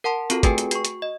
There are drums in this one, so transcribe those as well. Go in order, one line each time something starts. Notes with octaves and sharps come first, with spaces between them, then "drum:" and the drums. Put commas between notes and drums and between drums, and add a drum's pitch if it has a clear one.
A#4 F#5 A5 C6
C4 F4 F#4 A4, drum: hi-hat
A3 F#4 G#4 B4 G5 G#5, drum: kick, hi-hat
drum: hi-hat
F#4 C#6, drum: hi-hat
drum: hi-hat
D#5